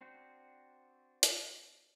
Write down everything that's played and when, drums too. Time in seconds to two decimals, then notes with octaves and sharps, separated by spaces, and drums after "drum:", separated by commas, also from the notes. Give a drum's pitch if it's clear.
0.01 C4 D4 F#4 C5
1.23 drum: hi-hat